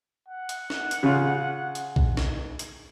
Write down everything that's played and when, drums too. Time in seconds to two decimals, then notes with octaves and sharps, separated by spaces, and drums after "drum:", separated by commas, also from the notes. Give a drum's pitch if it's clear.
0.28 F#5
0.49 drum: hi-hat
0.70 drum: snare
0.91 drum: hi-hat
1.03 C#3 F4
1.75 drum: hi-hat
1.96 drum: kick B1
2.17 drum: snare
2.59 drum: hi-hat